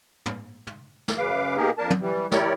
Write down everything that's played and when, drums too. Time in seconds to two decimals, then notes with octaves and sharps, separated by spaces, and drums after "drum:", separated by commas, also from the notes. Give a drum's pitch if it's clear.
0.26 drum: tom
0.67 drum: tom
1.08 drum: snare
1.18 F#2 C#3 B4 F5 D6
1.56 B2 A#3 D#4 G4 G#4 A#4
1.78 F2 A#3 D4 A#4 A5
1.90 drum: tom
2.00 E3 G3
2.31 E4 G4 A#4 C#5 D5, drum: snare